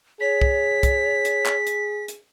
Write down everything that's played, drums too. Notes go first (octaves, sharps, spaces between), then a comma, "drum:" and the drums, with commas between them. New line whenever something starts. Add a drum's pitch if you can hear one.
G#4 C#5 B6
drum: kick
drum: kick, hi-hat
drum: hi-hat
drum: clap
drum: hi-hat
drum: hi-hat